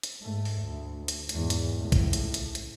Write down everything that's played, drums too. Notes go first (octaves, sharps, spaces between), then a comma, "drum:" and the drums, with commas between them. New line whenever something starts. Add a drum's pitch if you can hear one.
drum: hi-hat
G#2 A3
drum: open hi-hat
D2
drum: hi-hat
E2 G#2, drum: hi-hat
drum: hi-hat
C#2 A2
drum: kick A#1, hi-hat
drum: hi-hat
drum: hi-hat
drum: hi-hat